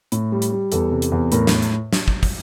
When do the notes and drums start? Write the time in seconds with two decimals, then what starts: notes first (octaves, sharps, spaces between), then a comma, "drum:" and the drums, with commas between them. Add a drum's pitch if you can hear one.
0.12 A2, drum: hi-hat
0.32 G3
0.42 drum: hi-hat
0.52 G3
0.72 E2 A4, drum: hi-hat
0.91 C3
1.02 drum: hi-hat
1.12 E2
1.32 A2 A#4, drum: hi-hat
1.47 drum: snare
1.62 drum: hi-hat
1.93 drum: snare
2.08 drum: kick
2.23 drum: kick, open hi-hat